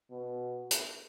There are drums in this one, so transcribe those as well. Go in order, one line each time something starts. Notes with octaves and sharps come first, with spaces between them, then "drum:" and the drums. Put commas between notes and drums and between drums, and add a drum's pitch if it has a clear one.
B2
drum: hi-hat